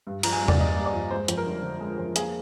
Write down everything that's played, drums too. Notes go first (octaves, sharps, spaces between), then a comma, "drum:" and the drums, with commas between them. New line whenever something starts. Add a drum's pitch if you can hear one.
G2
F3 A#5, drum: cymbal
G#5
G2
D5, drum: tom E2
A#3 D#5
G2
D5
F3
G#3 C5
F2, drum: hi-hat
A#4
G1
D3
G#3
F2
A#3 G#4, drum: hi-hat